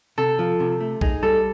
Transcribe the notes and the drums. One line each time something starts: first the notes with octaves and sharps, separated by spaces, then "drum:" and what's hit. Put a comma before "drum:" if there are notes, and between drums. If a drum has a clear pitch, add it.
C3 A4
F3
C3
A3
D#4 G#4, drum: kick A#1
G3 A4